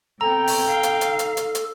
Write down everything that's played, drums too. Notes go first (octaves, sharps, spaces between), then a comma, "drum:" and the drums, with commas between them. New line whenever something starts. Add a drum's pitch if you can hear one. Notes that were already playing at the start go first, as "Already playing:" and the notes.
C3 B3 A4 G5 A#5
drum: open hi-hat
D#4 F5
drum: hi-hat
drum: hi-hat
drum: hi-hat
drum: hi-hat
drum: hi-hat